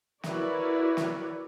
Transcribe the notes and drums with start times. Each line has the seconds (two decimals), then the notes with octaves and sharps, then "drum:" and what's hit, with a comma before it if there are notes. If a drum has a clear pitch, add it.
0.23 E4 F#4 A#4 B4 C#5 D5, drum: snare
0.97 drum: snare